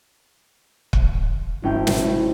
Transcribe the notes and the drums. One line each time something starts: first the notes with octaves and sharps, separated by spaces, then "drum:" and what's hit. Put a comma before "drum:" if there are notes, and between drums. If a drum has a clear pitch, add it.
drum: kick
G#1 C#4 E4 G5
drum: snare